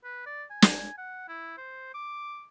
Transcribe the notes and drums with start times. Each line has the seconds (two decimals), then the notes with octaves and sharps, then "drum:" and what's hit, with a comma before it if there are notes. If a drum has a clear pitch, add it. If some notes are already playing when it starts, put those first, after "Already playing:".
0.04 B4
0.26 D5
0.51 G#5
0.62 drum: snare
0.98 F#5
1.28 E4
1.58 C5
1.95 D6